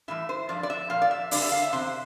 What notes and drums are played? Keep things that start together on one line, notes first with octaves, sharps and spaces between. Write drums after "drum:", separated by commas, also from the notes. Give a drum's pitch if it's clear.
A2 E3 G3 E5
C5
G2 F3 D5
D5
E5
A#2 F3 F5
D5
E5
G2 D3 G3 D5, drum: open hi-hat
E5
F5
E5
E2 C3 C5